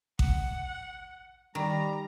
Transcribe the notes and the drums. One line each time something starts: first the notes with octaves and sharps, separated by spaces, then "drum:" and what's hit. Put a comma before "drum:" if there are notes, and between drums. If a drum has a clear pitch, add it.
F#5, drum: kick A1
D#3 G3 A#5